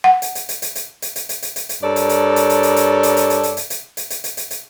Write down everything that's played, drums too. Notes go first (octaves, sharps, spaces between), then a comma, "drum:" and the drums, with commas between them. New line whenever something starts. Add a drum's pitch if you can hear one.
F#5
drum: hi-hat
drum: hi-hat
drum: hi-hat
drum: hi-hat
drum: hi-hat
drum: hi-hat
drum: hi-hat
drum: hi-hat
drum: hi-hat
drum: hi-hat
drum: hi-hat
G2 A4 A#4 C#5 D5
drum: hi-hat
drum: hi-hat
drum: hi-hat
drum: hi-hat
drum: hi-hat
drum: hi-hat
drum: hi-hat
drum: hi-hat
drum: hi-hat
drum: hi-hat
drum: hi-hat
drum: hi-hat
drum: hi-hat
drum: hi-hat
drum: hi-hat
drum: hi-hat
drum: hi-hat